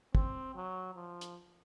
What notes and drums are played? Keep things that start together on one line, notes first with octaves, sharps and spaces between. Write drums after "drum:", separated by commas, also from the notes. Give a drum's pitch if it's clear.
C4, drum: kick
F#3
F3
drum: hi-hat